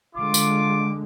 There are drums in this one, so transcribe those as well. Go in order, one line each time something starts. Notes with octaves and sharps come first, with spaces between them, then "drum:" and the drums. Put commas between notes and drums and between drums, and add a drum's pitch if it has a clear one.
D3 G#3 F4 D6
drum: tambourine